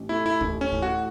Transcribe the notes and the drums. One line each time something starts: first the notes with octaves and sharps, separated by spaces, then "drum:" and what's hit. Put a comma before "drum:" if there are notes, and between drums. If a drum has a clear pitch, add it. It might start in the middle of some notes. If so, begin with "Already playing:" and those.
Already playing: A1
A3 E4
E4
A1, drum: kick D2
C#4
A2, drum: kick D2
F#4